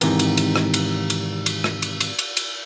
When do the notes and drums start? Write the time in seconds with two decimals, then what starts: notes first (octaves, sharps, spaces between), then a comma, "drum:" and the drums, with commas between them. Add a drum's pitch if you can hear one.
0.01 G#2 C3 D#3 E3, drum: cymbal
0.19 drum: cymbal
0.37 drum: cymbal
0.56 drum: rim click
0.74 drum: cymbal
1.10 drum: cymbal
1.46 drum: cymbal
1.64 drum: rim click
1.82 drum: cymbal
2.00 drum: cymbal
2.19 drum: cymbal
2.37 drum: cymbal